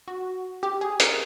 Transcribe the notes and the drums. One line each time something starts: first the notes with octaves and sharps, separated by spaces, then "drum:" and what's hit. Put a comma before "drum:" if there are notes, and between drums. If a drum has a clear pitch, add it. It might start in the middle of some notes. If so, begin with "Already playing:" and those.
F#4
G4
G#4
A#4, drum: hi-hat